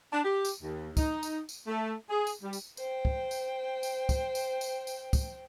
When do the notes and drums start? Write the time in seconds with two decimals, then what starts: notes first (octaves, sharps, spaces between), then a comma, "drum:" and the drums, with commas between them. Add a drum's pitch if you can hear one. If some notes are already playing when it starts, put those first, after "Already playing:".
0.12 D4
0.24 G4
0.45 drum: tambourine
0.62 D#2
0.97 D#4, drum: kick, tambourine
1.23 drum: tambourine
1.49 drum: tambourine
1.67 A3
2.09 G#4
2.27 drum: tambourine
2.41 G3
2.53 drum: tambourine
2.77 C5 G5, drum: tambourine
3.05 drum: kick
3.31 drum: tambourine
3.83 drum: tambourine
4.09 drum: kick, tambourine
4.35 drum: tambourine
4.61 drum: tambourine
4.87 drum: tambourine
5.13 drum: kick, tambourine